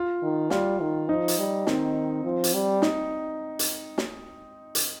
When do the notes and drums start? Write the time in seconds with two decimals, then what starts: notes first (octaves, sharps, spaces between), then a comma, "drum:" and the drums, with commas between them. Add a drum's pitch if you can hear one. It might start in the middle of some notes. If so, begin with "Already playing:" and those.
Already playing: F4
0.23 D#3
0.50 G3 F4, drum: snare
0.80 D#3
1.09 F3 D#4
1.28 drum: hi-hat
1.38 G3
1.67 D#3 C4, drum: snare
2.24 F3
2.44 drum: hi-hat
2.54 G3
2.82 D#4, drum: snare
3.59 drum: hi-hat
3.98 drum: snare
4.75 drum: hi-hat